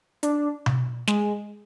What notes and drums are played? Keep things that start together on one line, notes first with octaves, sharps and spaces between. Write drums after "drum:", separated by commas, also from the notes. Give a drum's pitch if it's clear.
D4, drum: hi-hat
drum: tom B2
G#3, drum: snare